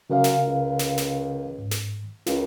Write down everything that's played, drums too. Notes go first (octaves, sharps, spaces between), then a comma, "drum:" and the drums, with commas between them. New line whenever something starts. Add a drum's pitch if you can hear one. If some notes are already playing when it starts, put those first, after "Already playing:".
F#2 C#3 A#4 F5
drum: snare
C#2
drum: snare
drum: snare
G#2
drum: snare
C#2 F4 A#4, drum: snare